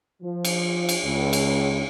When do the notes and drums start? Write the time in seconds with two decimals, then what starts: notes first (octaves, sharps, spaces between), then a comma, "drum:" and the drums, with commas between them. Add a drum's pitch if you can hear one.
0.22 F3
0.45 drum: cymbal
0.89 drum: cymbal
1.04 C#2
1.33 drum: cymbal